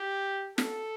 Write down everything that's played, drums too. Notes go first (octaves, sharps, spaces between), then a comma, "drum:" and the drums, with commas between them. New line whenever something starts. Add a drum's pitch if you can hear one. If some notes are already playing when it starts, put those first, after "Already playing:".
Already playing: G4
A4, drum: snare